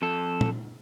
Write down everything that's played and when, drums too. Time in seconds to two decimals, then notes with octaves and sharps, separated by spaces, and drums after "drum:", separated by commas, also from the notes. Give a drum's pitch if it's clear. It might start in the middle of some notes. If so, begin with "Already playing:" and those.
0.02 F2 A4
0.41 drum: tom